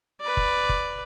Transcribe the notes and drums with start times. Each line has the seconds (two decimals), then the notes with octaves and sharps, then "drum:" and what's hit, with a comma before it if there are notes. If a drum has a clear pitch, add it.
0.21 B4 D5
0.37 drum: kick F#1
0.69 drum: kick F#1